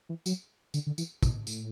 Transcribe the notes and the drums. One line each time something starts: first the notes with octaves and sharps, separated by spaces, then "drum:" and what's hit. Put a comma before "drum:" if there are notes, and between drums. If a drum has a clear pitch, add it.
E3
F#3, drum: tambourine
D3, drum: tambourine
D3
E3, drum: tambourine
B2, drum: kick, tambourine
A2, drum: tambourine